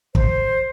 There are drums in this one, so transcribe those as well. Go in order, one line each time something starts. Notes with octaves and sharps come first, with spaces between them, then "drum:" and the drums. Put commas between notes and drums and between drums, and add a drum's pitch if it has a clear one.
C5, drum: kick